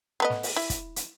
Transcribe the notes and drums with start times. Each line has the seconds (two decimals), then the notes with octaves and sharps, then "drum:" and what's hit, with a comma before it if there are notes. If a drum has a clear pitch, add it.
0.20 A3 B3 D#5
0.30 drum: snare
0.43 drum: open hi-hat
0.56 E4
0.70 drum: kick, hi-hat
0.96 drum: hi-hat